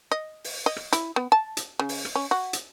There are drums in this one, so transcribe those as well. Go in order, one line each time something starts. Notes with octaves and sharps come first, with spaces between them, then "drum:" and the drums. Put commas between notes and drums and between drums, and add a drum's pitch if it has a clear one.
D#5
drum: open hi-hat
D#5
drum: rim click
E4, drum: hi-hat
B3
A5
drum: hi-hat
C#3
drum: open hi-hat
drum: rim click
C#4
F#4
drum: hi-hat